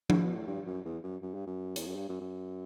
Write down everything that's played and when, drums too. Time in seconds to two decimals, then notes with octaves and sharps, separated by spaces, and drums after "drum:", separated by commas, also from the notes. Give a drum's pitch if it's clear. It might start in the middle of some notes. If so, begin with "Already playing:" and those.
0.10 A2, drum: tom F3
0.23 B2
0.35 A2
0.47 G2
0.67 F#2
0.85 E2
1.04 F#2
1.22 F#2
1.34 G2
1.46 F#2
1.76 E2, drum: hi-hat
1.86 F#2
1.96 G2
2.09 F#2
2.21 F#2